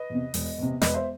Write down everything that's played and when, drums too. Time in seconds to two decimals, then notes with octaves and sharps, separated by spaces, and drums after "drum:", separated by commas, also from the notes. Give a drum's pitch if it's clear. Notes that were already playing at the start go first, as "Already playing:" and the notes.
Already playing: B4 D#5
0.10 E2 C3
0.34 E1, drum: open hi-hat
0.58 E2 C3
0.82 E1 B4 D#5, drum: snare
0.94 C5 E5